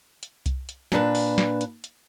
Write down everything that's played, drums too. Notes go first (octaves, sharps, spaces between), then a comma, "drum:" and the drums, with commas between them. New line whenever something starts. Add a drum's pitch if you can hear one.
drum: hi-hat
drum: kick C2, hi-hat
drum: hi-hat
A#2 D4 B4, drum: snare
drum: open hi-hat
drum: snare
drum: hi-hat
drum: hi-hat